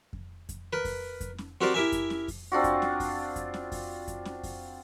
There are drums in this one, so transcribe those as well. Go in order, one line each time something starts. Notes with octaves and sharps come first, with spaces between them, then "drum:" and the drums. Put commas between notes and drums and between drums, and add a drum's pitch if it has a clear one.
drum: kick F2
drum: kick F2, hi-hat
A#4 B4
drum: kick F2, open hi-hat
drum: kick F2, hi-hat
drum: snare C#4
C4 F#4 G4 A#4 C5 D5
E4 G4 A#4 E5 G#5
drum: kick F2, hi-hat
drum: snare C#4
drum: kick F2, open hi-hat
C4 D4 F4 F#4
drum: kick F2, hi-hat
drum: snare C#4
drum: kick F2, open hi-hat
drum: kick F2, hi-hat
drum: snare C#4
drum: kick F2, open hi-hat
drum: kick F2, hi-hat
drum: snare C#4
drum: kick F2, open hi-hat